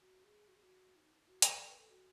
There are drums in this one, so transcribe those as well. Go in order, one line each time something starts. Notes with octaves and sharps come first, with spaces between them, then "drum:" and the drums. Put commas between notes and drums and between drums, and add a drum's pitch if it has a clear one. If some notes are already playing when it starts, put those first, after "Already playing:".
F#4
G#4
F#4
G#4
F#4
D#4
E4
F#4
G#4, drum: hi-hat
A4
B4
A4
F#4